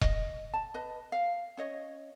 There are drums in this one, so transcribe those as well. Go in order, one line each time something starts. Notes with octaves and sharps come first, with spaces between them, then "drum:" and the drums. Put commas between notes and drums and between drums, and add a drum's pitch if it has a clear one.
D#5, drum: kick E1
A5
B4 D#5
F5
C#4 C#5 D#5